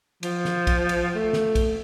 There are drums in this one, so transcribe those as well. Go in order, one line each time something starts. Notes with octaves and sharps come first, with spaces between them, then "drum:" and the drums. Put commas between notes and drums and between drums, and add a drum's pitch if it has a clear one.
F3, drum: cymbal
drum: snare
drum: kick, cymbal
drum: cymbal
A3
drum: snare
drum: kick, cymbal